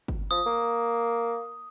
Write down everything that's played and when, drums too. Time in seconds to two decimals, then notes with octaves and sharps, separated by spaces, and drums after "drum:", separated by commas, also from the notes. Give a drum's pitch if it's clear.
0.08 drum: kick G1
0.31 F3 D#6
0.46 A#3